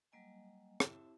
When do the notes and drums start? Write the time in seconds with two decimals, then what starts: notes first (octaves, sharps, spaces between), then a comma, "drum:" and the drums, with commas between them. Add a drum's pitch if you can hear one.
0.12 F#3 G3 A#3 D#5 G#5
0.80 C4 E4 G4 E5 A5, drum: rim click